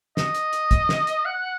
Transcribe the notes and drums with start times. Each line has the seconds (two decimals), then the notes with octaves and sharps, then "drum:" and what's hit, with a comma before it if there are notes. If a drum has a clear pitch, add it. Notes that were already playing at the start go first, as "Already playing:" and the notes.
0.17 D#5, drum: snare
0.35 drum: hi-hat
0.53 drum: hi-hat
0.71 drum: kick, hi-hat
0.89 drum: snare
1.07 drum: hi-hat
1.25 F#5